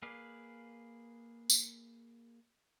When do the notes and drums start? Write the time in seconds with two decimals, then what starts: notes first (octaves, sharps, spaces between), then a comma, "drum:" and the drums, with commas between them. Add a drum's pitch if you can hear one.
0.02 A#3 G#4 B4 D5 F5
1.50 drum: tambourine